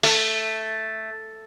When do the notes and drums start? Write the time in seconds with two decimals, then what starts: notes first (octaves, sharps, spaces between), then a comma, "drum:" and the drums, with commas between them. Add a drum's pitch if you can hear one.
0.03 A3, drum: open hi-hat